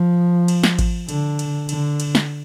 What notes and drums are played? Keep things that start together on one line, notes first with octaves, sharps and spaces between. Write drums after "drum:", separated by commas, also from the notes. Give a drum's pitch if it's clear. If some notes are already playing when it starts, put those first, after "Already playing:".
Already playing: F3
drum: cymbal
drum: snare
drum: kick G#1, cymbal
D3, drum: cymbal
drum: cymbal
D3, drum: cymbal
drum: cymbal
drum: snare